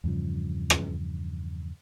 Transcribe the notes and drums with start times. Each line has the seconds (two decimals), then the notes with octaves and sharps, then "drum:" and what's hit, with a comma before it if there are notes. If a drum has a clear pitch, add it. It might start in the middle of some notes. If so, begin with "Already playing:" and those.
0.04 E2 G2 C#3 F3
0.70 drum: rim click